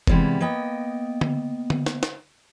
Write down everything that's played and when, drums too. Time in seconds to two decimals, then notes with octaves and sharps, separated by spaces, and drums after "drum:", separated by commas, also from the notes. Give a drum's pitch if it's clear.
0.07 C3 E3 G3 G#3 B3, drum: kick F1
0.40 A#3 B3 D#5 G5
1.21 drum: tom D3
1.70 drum: tom D3
1.86 drum: snare
2.03 drum: snare